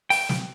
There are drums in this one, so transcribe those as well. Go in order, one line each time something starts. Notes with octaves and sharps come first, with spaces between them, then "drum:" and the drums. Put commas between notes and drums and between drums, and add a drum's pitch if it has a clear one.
G5, drum: open hi-hat
drum: snare